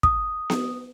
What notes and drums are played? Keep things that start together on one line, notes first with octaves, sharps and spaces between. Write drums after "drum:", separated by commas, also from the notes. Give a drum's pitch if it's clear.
D#6, drum: kick
drum: snare B3